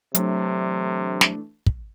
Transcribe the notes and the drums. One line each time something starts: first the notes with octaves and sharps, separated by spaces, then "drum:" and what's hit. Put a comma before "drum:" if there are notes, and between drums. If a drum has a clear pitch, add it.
C3 E3 F#3 A3 D4, drum: hi-hat
drum: snare
drum: kick